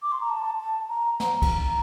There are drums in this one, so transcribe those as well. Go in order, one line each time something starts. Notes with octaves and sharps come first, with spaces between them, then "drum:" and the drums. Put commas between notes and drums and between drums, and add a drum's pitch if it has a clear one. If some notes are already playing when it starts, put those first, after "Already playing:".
D6
C6
A#5
A5
A5
A#5
A#5, drum: snare
drum: kick, cymbal
A#5